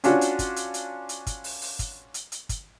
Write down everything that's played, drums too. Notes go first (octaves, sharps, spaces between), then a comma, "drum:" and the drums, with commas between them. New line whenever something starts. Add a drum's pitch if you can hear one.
C#4 D4 F4 F#4, drum: hi-hat
drum: hi-hat
drum: kick, hi-hat
drum: hi-hat
drum: hi-hat
drum: hi-hat
drum: kick, hi-hat
drum: open hi-hat
drum: open hi-hat
drum: kick, hi-hat
drum: hi-hat
drum: hi-hat
drum: kick, hi-hat